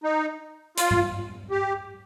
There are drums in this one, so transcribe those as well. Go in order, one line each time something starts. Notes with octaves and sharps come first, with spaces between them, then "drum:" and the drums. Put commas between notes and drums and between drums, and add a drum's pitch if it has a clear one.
D#4
F4, drum: hi-hat
drum: tom G#2
G4